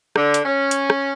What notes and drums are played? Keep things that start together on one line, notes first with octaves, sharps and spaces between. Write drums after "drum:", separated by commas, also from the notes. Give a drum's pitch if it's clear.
D3, drum: rim click
drum: hi-hat
C#4
drum: hi-hat
drum: rim click